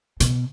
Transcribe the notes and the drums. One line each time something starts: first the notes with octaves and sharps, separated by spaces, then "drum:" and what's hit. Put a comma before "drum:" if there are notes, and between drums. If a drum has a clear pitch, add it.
B2, drum: hi-hat